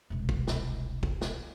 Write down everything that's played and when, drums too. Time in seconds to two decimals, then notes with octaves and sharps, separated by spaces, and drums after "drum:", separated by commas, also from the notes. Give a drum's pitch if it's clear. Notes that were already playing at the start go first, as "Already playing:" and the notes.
0.10 E1 C2
0.29 drum: kick
0.47 drum: snare
1.03 drum: kick
1.21 drum: snare